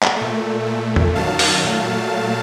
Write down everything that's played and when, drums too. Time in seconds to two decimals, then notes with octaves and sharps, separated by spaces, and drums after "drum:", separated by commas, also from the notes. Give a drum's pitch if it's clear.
0.03 drum: clap
0.16 A#2 A3
0.66 A#2 A3
0.96 drum: tom
1.15 F#2 D#3 F#3 F5 A5
1.39 drum: open hi-hat
1.64 A#2 F#3 A3